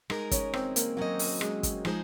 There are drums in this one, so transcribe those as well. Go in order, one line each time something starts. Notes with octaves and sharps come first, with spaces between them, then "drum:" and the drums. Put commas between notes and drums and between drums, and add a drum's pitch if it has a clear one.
G#3 D#4 A#4, drum: rim click
C#4, drum: kick, hi-hat
C4, drum: rim click
A#3, drum: hi-hat
F#3 A#3 C#4 F#4 C5 D#5
drum: open hi-hat
G#3, drum: rim click
drum: kick, hi-hat
F3 G#3 D#4 G#4 C5, drum: rim click